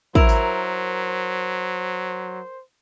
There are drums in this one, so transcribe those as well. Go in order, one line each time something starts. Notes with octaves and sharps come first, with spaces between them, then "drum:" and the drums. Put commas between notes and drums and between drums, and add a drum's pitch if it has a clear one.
F#3 E4 A#4 C5, drum: kick
drum: tambourine